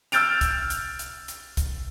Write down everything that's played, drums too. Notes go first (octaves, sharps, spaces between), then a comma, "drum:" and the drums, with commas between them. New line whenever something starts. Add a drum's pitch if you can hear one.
E6 F6 G6 A6 D7 F7, drum: hi-hat
drum: kick, hi-hat
drum: hi-hat
drum: hi-hat
drum: hi-hat
drum: kick, hi-hat